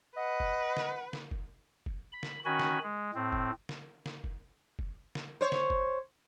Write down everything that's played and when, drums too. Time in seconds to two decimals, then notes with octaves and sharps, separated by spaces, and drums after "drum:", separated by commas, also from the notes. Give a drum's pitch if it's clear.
0.17 B4 D#5 F#5
0.40 drum: kick
0.77 drum: snare
1.13 drum: snare
1.31 drum: kick
1.86 drum: kick
2.13 B5
2.23 drum: snare
2.45 D#3 C#4 F#4 G#5 B5
2.59 drum: snare
2.83 G#3
3.14 A2 C4
3.33 drum: kick
3.69 drum: snare
4.06 drum: snare
4.24 drum: kick
4.79 drum: kick
5.15 drum: snare
5.41 C5 C#5
5.52 drum: snare
5.70 drum: kick